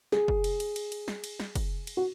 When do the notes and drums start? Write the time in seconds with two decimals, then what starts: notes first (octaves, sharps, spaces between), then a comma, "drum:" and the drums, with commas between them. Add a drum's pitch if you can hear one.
0.12 G#4, drum: snare
0.28 drum: kick
0.44 drum: cymbal
0.60 drum: cymbal
0.76 drum: cymbal
0.92 drum: cymbal
1.08 drum: snare
1.24 drum: cymbal
1.40 drum: snare
1.55 drum: kick, cymbal
1.87 drum: cymbal
1.97 F#4